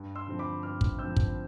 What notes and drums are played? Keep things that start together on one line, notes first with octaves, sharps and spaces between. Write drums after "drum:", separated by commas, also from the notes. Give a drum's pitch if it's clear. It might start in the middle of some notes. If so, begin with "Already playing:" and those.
Already playing: G2
C6 E6
D3 F3 C4
B5 D6
G2 D6 F6
drum: kick
D3 F3 C4 E6 G6
drum: kick